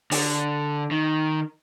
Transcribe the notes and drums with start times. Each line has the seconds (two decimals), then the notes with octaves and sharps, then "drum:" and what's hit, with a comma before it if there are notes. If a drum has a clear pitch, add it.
0.11 D3, drum: open hi-hat
0.91 D#3